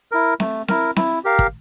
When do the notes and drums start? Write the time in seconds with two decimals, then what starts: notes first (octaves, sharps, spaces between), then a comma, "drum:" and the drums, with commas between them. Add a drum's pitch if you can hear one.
0.12 E4 A#4
0.40 A3, drum: snare C4
0.68 E4 A#4, drum: snare C4
0.96 E4, drum: snare C4
1.24 G4 A#4 F5
1.39 drum: kick